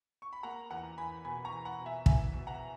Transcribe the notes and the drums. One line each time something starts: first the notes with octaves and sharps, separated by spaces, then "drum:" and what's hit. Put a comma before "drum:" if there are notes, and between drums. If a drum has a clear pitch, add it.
C#6
B5
A#3 F#5 A#5
E2 F#5 A#5
E2 G#5 B5
B2 G#5 B5
A#5 C#6
E2
F#5 A#5
B2
E5 G#5
E2 E5 G#5, drum: kick
B2
F#5 A#5